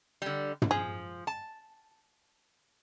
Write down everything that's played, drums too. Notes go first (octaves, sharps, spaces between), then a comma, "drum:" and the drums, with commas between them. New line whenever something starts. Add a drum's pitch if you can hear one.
D3 G3
drum: tom
F3 G#4
A5